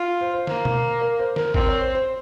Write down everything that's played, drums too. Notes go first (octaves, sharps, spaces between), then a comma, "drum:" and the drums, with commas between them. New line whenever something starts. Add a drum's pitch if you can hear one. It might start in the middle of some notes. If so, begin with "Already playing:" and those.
Already playing: F4
C5
C5
A#3 C5, drum: snare
drum: tom B2
A#4
C5
A#4, drum: snare
C4 A#4, drum: kick
C#5
C5
C5